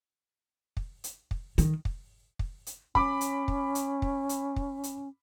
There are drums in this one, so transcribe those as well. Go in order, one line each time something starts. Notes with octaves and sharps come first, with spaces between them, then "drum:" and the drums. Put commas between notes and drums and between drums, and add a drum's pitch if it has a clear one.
drum: kick
drum: hi-hat
drum: kick
D#3, drum: hi-hat
drum: kick
drum: kick
drum: hi-hat
C#4 B5 D6, drum: kick
drum: hi-hat
drum: kick
drum: hi-hat
drum: kick
drum: hi-hat
drum: kick
drum: hi-hat